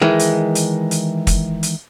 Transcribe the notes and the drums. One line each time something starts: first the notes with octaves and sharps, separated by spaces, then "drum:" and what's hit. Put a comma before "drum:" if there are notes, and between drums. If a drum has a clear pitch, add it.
D#3 E3 G#3
drum: hi-hat
drum: hi-hat
drum: hi-hat
drum: kick, hi-hat
drum: hi-hat